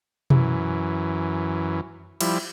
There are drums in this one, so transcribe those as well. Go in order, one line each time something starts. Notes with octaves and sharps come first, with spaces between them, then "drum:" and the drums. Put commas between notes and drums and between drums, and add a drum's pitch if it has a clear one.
F#2 E3, drum: tom B2
F3 G3 E4, drum: cymbal